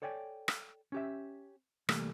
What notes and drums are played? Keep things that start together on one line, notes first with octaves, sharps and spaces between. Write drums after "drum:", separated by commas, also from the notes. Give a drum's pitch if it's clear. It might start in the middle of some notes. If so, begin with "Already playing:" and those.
A4 C#5 D5 G5 G#5
drum: rim click
C#4 G4 E5
C3 E3 G3 A3 A#3, drum: rim click